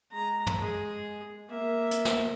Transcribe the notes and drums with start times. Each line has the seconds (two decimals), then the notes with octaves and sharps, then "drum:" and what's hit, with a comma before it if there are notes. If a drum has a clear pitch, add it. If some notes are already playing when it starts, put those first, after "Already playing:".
0.11 G#3 A#5
0.47 drum: tom
0.57 G#3 G#4
1.49 A#3 E5
1.91 drum: hi-hat
2.05 drum: snare